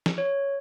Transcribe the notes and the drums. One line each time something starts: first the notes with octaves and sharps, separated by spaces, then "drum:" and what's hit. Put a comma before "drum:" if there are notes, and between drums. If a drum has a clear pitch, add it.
drum: snare F3
C#5